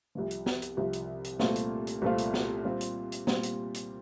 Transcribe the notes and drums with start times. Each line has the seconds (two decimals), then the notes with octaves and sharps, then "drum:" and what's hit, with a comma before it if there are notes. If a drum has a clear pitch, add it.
0.15 C2 C3 F3
0.31 drum: hi-hat
0.46 drum: snare
0.62 drum: hi-hat
0.77 C2 C3 F3
0.93 drum: hi-hat
1.24 drum: hi-hat
1.39 C2 A#2 A3 C4 F4, drum: snare
1.56 drum: hi-hat
1.87 drum: hi-hat
2.02 C2 A#2 A3 C4 F4
2.18 drum: hi-hat
2.34 drum: snare
2.65 A#2 G3 C4 F4
2.81 drum: hi-hat
3.12 drum: hi-hat
3.27 A#2 G3 C4 F4, drum: snare
3.43 drum: hi-hat
3.74 drum: hi-hat